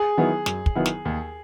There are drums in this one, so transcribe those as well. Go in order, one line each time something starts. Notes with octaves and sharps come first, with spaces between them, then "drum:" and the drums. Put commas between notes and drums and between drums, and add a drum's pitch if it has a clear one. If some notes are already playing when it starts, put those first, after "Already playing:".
Already playing: G#4
D#3 F#3 B3 E4
F#2, drum: snare
drum: kick
D#3 F#3 B3 E4
drum: snare
D#2